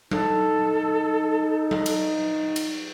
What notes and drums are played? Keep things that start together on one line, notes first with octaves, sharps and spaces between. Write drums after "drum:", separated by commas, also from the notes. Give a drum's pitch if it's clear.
D#4 A4, drum: tom F#3
drum: tom F#3
drum: cymbal
drum: cymbal